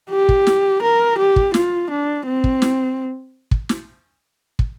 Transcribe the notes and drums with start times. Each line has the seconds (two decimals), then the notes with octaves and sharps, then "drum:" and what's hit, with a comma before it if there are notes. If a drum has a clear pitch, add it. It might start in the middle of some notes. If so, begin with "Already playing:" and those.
0.10 G4
0.29 drum: kick
0.47 drum: snare
0.82 A#4
1.18 G4
1.36 drum: kick
1.54 F4, drum: snare
1.90 D4
2.26 C4
2.44 drum: kick
2.62 drum: snare
3.51 drum: kick
3.69 drum: snare
4.59 drum: kick